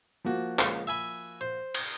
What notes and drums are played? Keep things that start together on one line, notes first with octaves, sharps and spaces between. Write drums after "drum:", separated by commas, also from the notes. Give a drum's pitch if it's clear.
F3 A#3 F#4
C#2, drum: clap
E5 G#5 B5
C5
drum: cymbal